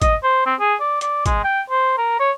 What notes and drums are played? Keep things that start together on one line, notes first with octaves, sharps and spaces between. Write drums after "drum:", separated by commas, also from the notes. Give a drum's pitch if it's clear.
D#5, drum: kick, hi-hat
C5
C4
G#4
D5
D5, drum: hi-hat
G#3, drum: kick, hi-hat
G5
C5
A#4
C#5